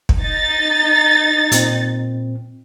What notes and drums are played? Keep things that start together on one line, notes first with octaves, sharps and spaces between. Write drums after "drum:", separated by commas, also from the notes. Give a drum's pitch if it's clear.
drum: kick
D#4 A6
A#2 C4, drum: hi-hat